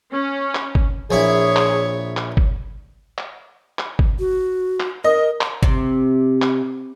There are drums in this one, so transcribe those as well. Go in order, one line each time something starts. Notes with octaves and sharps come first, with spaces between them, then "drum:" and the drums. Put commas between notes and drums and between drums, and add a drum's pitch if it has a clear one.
C#4
drum: clap
drum: kick G1
A#1 E4 G#4 C#5
drum: clap
drum: clap
drum: kick G1
drum: clap
drum: clap
drum: kick G1
F#4
drum: clap
A#4 D#5
drum: clap
C3, drum: kick G1
drum: clap